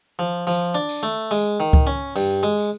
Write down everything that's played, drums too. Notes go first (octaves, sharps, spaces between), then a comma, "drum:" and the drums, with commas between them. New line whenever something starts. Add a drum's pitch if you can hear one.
F3
F3, drum: tambourine
D4
drum: tambourine
A3
G#3, drum: tambourine
D#3
drum: kick C#2
C#4
G2, drum: tambourine
G#3
drum: tambourine